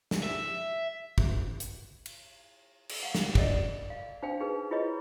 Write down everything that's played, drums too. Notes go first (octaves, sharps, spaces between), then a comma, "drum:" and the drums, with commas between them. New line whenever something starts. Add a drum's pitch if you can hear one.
drum: snare
E5
drum: kick
drum: hi-hat
drum: cymbal
drum: cymbal
F5 F#5
drum: snare
A4 A#4 D5 D#5, drum: kick
F5
D4 C5 F5 G5
D4 D#4 G#4 B4
E4 F4 G#4 B4 C#5 D#5